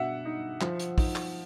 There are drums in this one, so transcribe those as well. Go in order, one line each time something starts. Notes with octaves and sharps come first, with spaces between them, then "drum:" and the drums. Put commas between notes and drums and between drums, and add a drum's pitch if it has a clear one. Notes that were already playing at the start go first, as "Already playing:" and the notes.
Already playing: B2 D4 E5 F#5
D#4
F3, drum: clap
drum: hi-hat
D#4, drum: kick, open hi-hat
drum: clap